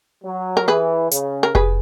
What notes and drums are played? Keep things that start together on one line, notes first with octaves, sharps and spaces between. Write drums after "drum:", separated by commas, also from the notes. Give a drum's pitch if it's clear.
F#3
A#4
E3 G#4 B4
C#3, drum: hi-hat
A#4
G#4 B4, drum: kick F1